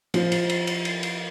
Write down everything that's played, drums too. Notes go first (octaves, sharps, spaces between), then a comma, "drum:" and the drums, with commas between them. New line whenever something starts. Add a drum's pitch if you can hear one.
F3, drum: cymbal
drum: cymbal
drum: cymbal
drum: cymbal
drum: cymbal
drum: cymbal